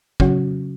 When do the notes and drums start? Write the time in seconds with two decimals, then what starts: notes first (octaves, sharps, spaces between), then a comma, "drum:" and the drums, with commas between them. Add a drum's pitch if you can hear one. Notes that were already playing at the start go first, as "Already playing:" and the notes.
0.20 C#3 F#3 C#4 F#4, drum: kick